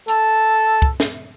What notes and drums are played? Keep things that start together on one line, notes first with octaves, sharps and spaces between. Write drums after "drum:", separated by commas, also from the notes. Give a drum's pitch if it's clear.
A4, drum: hi-hat
drum: kick
drum: snare